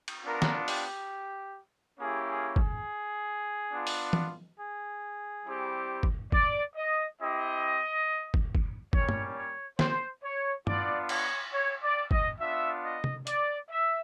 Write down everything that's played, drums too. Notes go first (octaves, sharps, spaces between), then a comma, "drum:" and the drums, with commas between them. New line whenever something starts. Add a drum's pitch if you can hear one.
drum: cymbal
B3 D4 F4 A#4
drum: snare
G4, drum: open hi-hat
A#3 C#4 E4 G4 G#4
G#4
G#4, drum: kick
B3 D4 F4
drum: open hi-hat
drum: tom E3
G#4
G3 C4 E4 G4
drum: kick
D5, drum: kick
D#5
C4 E4 G4 D#5
drum: kick
drum: kick
G3 A#3 C#4 C#5, drum: kick
drum: tom
C#5
C5, drum: snare
C#5
B3 D4 F4 D5, drum: tom
C#5, drum: cymbal
C#5
D5
D#5, drum: kick
B3 D4 F4 E5
D#5
drum: tom C3
D5, drum: hi-hat
E5